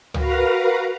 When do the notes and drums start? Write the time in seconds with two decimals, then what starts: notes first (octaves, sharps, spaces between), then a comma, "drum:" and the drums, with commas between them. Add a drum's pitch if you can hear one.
0.14 F#4 A#4 B4 F5 A#5, drum: tom C#2